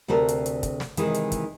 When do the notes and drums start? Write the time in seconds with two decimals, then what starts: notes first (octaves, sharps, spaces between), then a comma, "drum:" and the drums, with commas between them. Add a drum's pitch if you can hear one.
0.08 D2 C3 F#4 A4 A#4
0.28 drum: hi-hat
0.46 drum: hi-hat
0.63 drum: kick, hi-hat
0.80 drum: snare
0.97 C3 D#3 E3 G#3, drum: hi-hat
1.14 drum: hi-hat
1.32 drum: kick, hi-hat